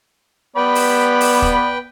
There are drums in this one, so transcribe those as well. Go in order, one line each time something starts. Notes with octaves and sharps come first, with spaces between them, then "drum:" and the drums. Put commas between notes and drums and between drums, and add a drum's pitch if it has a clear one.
B3 B4 D5 G5 B5
drum: open hi-hat
drum: open hi-hat
drum: kick